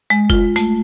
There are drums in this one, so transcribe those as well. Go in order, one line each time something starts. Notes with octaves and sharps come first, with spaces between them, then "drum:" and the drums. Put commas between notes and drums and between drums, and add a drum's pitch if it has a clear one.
G#3
F4, drum: kick
A3, drum: hi-hat